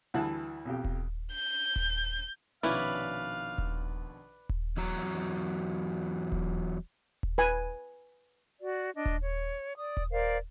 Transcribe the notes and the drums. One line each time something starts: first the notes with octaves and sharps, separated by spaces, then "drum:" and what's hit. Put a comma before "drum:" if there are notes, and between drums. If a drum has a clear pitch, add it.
D2 E3 G3 F#5 A5
B1 F2 G4
drum: kick D#1
G6
drum: kick D#1
A#1 B2 D#3 C#4 E4 B4 D5 F5
drum: kick D#1
drum: kick D#1
E2 F#3 A#5
drum: kick D#1
drum: kick D#1
B4 G#5
F#4 D5
D4 D#5
drum: kick D#1
C#5
D5 D#6
drum: kick D#1
A#4 C5 D5 F5